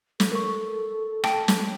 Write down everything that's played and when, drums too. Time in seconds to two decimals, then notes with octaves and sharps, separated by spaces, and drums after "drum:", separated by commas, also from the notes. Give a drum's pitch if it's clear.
0.20 A4, drum: snare
0.32 A#4 C#6
1.24 G5 A5 D7, drum: rim click
1.48 drum: snare